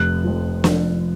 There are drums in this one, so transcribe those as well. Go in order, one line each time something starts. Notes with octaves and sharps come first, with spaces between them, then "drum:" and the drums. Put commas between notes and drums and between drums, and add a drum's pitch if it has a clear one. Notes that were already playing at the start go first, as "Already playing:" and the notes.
Already playing: F1 F#6
F2 F3
F1, drum: snare